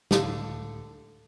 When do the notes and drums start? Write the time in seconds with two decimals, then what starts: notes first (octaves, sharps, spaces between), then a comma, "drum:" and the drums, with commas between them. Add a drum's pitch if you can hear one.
0.11 D1 C#2 A2 D3 A4 F5, drum: snare